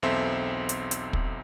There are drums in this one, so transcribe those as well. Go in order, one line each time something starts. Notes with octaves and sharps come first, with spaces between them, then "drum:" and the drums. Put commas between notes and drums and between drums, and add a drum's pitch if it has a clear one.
B1 E2 C4 A4 E5 C6
drum: hi-hat
drum: hi-hat
drum: kick